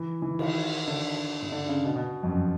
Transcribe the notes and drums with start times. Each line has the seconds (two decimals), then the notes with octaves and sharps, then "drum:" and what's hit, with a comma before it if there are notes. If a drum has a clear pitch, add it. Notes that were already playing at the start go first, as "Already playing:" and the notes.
Already playing: E3
0.22 E3
0.39 D#3, drum: cymbal
0.88 D3
1.42 drum: tom G2
1.52 D3
1.68 C#3
1.85 B2
1.96 B2
2.23 F2
2.28 F#2